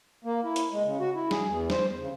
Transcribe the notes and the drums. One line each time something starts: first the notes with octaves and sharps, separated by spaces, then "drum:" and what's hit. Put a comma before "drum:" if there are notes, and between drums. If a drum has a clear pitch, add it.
A#3
E4
drum: hi-hat
G#3
C#3
F#4
E4
G#4, drum: snare
E2
C5, drum: snare
E2
C#3